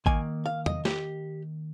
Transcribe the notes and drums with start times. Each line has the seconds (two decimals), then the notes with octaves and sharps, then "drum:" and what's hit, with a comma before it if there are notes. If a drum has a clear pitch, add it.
0.06 D#3 A#3 G#5, drum: kick A1
0.46 F5
0.66 D#5, drum: tom
0.85 G4, drum: snare